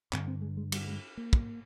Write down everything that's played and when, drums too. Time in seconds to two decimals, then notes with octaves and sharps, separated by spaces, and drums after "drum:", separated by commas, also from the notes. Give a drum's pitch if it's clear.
0.13 G2 D3 C4, drum: clap
0.28 C4
0.42 G#3
0.57 G#3
0.72 G3, drum: cymbal
0.88 G#3
1.17 A#3
1.33 drum: kick